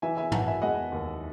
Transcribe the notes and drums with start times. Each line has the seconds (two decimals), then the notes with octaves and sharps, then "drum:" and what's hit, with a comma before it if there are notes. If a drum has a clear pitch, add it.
0.02 E3 E5 G#5
0.17 E5 G#5
0.32 E3 F#5 A5, drum: tom
0.47 E5 G#5
0.62 G#3 D#5 F#5
0.92 D#2